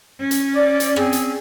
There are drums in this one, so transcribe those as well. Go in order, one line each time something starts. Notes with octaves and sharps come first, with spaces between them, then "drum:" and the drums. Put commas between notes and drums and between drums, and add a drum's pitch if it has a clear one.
C#4
drum: hi-hat
D5
drum: hi-hat
C4 G#4, drum: rim click
drum: hi-hat